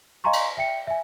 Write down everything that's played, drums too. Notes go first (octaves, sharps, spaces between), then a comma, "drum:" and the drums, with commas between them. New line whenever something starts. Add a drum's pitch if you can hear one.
D#5 F5 G#5 A#5 C6 C#6
drum: cymbal
E5 G5 C#7
E5 G#5